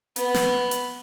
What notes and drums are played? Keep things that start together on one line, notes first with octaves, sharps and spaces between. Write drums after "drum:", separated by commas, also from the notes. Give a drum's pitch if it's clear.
B3, drum: hi-hat
drum: snare
drum: hi-hat